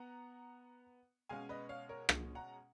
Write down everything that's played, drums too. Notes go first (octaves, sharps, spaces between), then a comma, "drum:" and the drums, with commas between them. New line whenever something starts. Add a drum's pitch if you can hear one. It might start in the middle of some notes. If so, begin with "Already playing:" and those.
Already playing: B3 F#5 A#5
B2 G#3 C#4 F5 G#5
B4 D#5
C#5 F5
A#4 C#5
drum: rim click
F#5 A#5